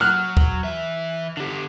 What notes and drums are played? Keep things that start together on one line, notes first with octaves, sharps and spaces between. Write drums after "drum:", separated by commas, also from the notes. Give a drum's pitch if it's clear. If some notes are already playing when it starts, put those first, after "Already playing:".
F#3 F6 F#6
drum: kick
E3 E5
D3 G4